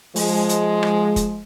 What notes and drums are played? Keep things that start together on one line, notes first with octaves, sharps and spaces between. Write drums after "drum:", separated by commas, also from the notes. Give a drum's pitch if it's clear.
F3 G#3, drum: open hi-hat
drum: hi-hat
drum: rim click
drum: kick F1, hi-hat